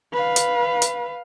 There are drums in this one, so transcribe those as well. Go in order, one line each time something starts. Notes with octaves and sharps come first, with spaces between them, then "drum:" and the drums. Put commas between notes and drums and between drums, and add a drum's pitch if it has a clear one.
B4 F5
drum: hi-hat
drum: hi-hat